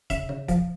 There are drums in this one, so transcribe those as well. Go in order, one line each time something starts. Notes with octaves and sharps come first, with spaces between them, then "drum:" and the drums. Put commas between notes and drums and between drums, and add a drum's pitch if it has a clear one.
C#3 E5, drum: kick, hi-hat
C#3
F3, drum: kick, hi-hat